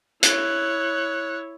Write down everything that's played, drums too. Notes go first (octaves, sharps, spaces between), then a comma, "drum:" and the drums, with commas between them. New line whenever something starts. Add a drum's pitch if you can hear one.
E4 C#5 F#6, drum: hi-hat